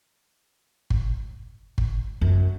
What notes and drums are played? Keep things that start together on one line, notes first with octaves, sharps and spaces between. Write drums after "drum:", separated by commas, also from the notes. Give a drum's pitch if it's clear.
drum: kick G1
drum: kick G1
F#2